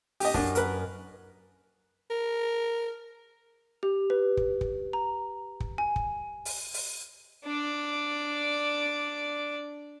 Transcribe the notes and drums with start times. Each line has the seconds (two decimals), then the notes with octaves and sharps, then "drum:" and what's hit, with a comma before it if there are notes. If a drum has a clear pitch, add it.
0.20 G4 D#5, drum: open hi-hat
0.34 F#2 D4, drum: kick
0.55 A#4 B4, drum: hi-hat
2.10 A#4
3.83 G4
4.10 B4
4.37 drum: kick
4.61 drum: kick
4.93 A#5
5.60 drum: kick
5.78 G#5
5.96 drum: kick
6.45 drum: open hi-hat
6.74 drum: open hi-hat
7.45 D4 D5